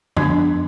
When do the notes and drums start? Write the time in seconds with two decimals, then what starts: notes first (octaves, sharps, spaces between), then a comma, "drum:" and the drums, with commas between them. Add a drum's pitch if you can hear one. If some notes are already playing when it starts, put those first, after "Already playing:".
0.17 F3 B3 D4 C6, drum: tom F2